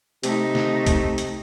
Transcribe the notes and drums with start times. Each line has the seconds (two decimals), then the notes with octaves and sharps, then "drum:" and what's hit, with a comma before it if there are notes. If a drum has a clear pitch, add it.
0.23 C3 A3 D#4, drum: hi-hat
0.55 drum: snare
0.86 drum: kick B1, hi-hat
1.18 drum: hi-hat